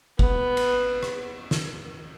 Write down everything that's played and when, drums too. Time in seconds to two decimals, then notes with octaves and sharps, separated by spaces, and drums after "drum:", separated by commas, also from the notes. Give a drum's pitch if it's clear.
0.19 B3, drum: kick
0.57 drum: cymbal
1.03 drum: rim click
1.51 drum: snare